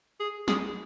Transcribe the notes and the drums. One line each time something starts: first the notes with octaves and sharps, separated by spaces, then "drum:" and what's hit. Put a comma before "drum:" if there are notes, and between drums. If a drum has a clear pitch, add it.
G#4
G#4, drum: snare